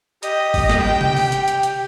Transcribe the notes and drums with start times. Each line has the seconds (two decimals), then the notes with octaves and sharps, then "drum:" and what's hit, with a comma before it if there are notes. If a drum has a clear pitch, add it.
0.23 G4 D#5, drum: hi-hat
0.54 drum: kick, open hi-hat
0.70 drum: snare
0.81 G5
1.01 drum: tom
1.16 drum: open hi-hat
1.32 drum: hi-hat
1.48 drum: hi-hat
1.63 drum: hi-hat